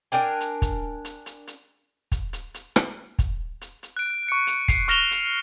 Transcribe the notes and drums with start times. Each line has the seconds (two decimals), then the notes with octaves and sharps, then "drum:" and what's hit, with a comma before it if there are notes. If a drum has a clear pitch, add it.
0.12 D4 A#4 G5 G#5
0.40 drum: hi-hat
0.62 drum: kick, hi-hat
1.05 drum: hi-hat
1.26 drum: hi-hat
1.47 drum: hi-hat
2.12 drum: kick, hi-hat
2.33 drum: hi-hat
2.54 drum: hi-hat
2.76 drum: rim click
3.19 drum: kick, hi-hat
3.61 drum: hi-hat
3.83 drum: hi-hat
3.97 F#6 D7
4.29 C#6 C#7
4.47 drum: hi-hat
4.68 C7 C#7, drum: kick, hi-hat
4.88 C#6 F6 A#6 E7 F7 G7, drum: hi-hat
5.11 drum: hi-hat